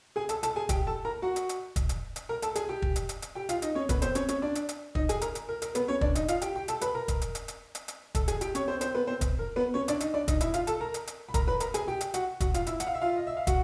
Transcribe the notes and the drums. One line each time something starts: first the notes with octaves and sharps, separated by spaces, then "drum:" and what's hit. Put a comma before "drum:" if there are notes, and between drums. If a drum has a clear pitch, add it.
G#4 G#5
A4 A5, drum: hi-hat
A4 A5, drum: hi-hat
G#4 G#5
G4 G5, drum: kick, hi-hat
A4 A5
A#4 A#5
F#4 F#5
drum: hi-hat
drum: hi-hat
drum: kick, hi-hat
drum: hi-hat
drum: hi-hat
A#4 A#5
A4 A5, drum: hi-hat
G#4 G#5, drum: hi-hat
G4 G5
drum: kick
drum: hi-hat
drum: hi-hat
drum: hi-hat
G4 G5
F4 F5, drum: hi-hat
D#4 D#5, drum: hi-hat
C#4 C#5
B3 B4, drum: kick, hi-hat
C4 C5, drum: hi-hat
C#4 C#5, drum: hi-hat
C#4 C#5, drum: hi-hat
D4 D5
drum: hi-hat
drum: hi-hat
D#4 D#5, drum: kick
G#4 G#5, drum: hi-hat
A#4 A#5, drum: hi-hat
drum: hi-hat
A#4
A#4, drum: hi-hat
B3 B4, drum: hi-hat
C#4 C#5
D4 D5, drum: kick
D#4 D#5, drum: hi-hat
F4 F5, drum: hi-hat
G4 G5, drum: hi-hat
G4 G5
A4 A5, drum: hi-hat
B4 B5, drum: hi-hat
A#4 A#5
drum: kick, hi-hat
drum: hi-hat
drum: hi-hat
drum: hi-hat
drum: hi-hat
drum: hi-hat
A4 A5, drum: kick, hi-hat
G#4 G#5, drum: hi-hat
G4 G5, drum: hi-hat
C#4 C#5, drum: hi-hat
C4 C5
C4 C5, drum: hi-hat
B3 B4
C4 C5
drum: kick, hi-hat
A#4
B3 B4
C#4 C#5
D4 D5, drum: hi-hat
D#4 D#5, drum: hi-hat
D4 D5
D#4 D#5, drum: kick, hi-hat
E4 E5, drum: hi-hat
F4 F5, drum: hi-hat
A4 A5, drum: hi-hat
A#4 A#5
drum: hi-hat
drum: hi-hat
B5
A#4 A#5, drum: kick, hi-hat
B4 B5
A#4 A#5, drum: hi-hat
G#4 G#5, drum: hi-hat
G4 G5
drum: hi-hat
F#4 F#5, drum: hi-hat
F#4 F#5, drum: kick, hi-hat
F4 F5, drum: hi-hat
E4 E5, drum: hi-hat
F#5, drum: hi-hat
F5
E5
F4 F5
D#5
E5
F5
F#4 F#5, drum: kick, hi-hat